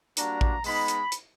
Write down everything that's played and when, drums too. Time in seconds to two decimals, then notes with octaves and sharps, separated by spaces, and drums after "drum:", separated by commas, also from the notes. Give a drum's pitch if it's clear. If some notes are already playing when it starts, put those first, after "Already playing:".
0.17 G3 A#3 D4 F#4 A#5, drum: hi-hat
0.41 drum: kick A1
0.64 G#3 B3 D#4 B5, drum: open hi-hat
0.88 drum: hi-hat
1.12 drum: hi-hat